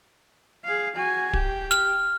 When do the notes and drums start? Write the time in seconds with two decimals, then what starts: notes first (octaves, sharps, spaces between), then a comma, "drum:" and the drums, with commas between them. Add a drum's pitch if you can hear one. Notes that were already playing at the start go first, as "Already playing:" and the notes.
0.65 G#4 F5
0.95 F#4 G#5
1.33 G4, drum: kick
1.71 F6, drum: snare